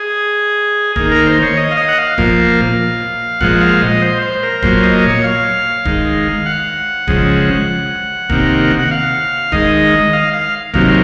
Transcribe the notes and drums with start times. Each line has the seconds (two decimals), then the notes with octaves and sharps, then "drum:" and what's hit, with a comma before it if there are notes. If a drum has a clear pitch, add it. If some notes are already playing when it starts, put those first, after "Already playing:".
Already playing: G#4
0.96 D#3 A#3 G#4, drum: kick D#1
1.12 A#4
1.26 C5
1.42 C#5
1.57 D#5
1.71 F5
1.77 D#5
1.88 F#5
1.98 F5
2.18 A#2 F3 A#3, drum: kick D#1
3.40 A#2 F3 G#3 F#5, drum: kick D#1
3.61 F5
3.82 D#5
4.02 C5
4.22 C5
4.43 A#4
4.62 A#2 F#3 A#3 C5, drum: kick D#1
4.83 D#5
5.04 C#5
5.24 F5
5.85 D#3 G#3, drum: kick D#1
6.46 F#5
7.07 C#3 F3 G#3, drum: kick D#1
8.29 C3 D#3 A#3, drum: kick D#1
8.79 F#5
8.91 F5
9.52 D#3 G#3 D#5, drum: kick D#1
10.13 F5
10.33 F5
10.74 C3 D#3 F#3 A#3 F5, drum: kick D#1